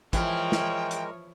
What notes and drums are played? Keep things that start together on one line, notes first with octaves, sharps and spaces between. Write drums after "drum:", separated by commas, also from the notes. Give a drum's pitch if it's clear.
E3 F3 G#3 A#4 C#5 G5, drum: kick, hi-hat
drum: snare
drum: hi-hat